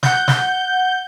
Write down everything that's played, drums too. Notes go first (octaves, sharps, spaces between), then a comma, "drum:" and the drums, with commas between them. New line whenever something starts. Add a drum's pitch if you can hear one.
F#5 G6, drum: snare
drum: snare